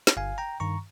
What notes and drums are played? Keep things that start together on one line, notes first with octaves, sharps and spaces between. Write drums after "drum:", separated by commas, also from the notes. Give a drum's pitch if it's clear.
drum: snare
G1 F5 G#5
G5 A#5
G2 D#3 A#5 C#6